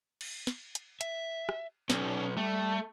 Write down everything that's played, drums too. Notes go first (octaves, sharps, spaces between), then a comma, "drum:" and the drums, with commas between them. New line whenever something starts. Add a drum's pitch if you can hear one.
drum: cymbal
drum: snare
drum: hi-hat
E5, drum: hi-hat
drum: rim click
B1 C#4 C#5 D5, drum: snare
G3 A3